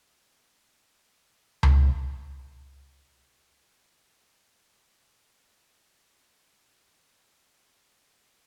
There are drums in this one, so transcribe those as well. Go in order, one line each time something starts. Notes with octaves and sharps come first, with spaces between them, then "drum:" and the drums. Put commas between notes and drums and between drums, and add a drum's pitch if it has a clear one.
A3 B3 C4
drum: tom C#2
E4 F4 G#4 E5 F#5 B5
D5 F5 A#5
G#5 G6 D#7 G7
C6
F#4
F#4
D5